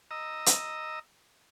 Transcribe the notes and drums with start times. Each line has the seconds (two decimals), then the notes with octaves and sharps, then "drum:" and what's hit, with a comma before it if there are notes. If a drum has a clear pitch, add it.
0.11 D#5 A#5 E6
0.46 drum: hi-hat